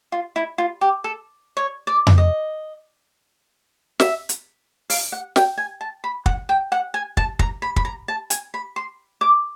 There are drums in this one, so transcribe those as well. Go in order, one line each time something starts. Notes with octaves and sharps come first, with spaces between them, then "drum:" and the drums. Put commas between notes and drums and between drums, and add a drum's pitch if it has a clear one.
F4
E4
F4
G4
A4
C#5
D5
drum: tom F2
D#5
E5, drum: snare
drum: hi-hat
F5, drum: open hi-hat
F#5
G5, drum: snare
G#5
A5
B5
F#5, drum: kick
G5
F#5
G#5
A5, drum: kick
A#5, drum: kick
B5
B5, drum: kick
A#5
A5
G#5, drum: hi-hat
B5
C6
D6